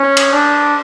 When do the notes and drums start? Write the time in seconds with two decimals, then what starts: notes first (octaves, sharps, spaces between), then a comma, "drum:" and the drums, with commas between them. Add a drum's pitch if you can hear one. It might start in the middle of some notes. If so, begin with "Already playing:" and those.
Already playing: C#4
0.17 drum: cymbal
0.33 D4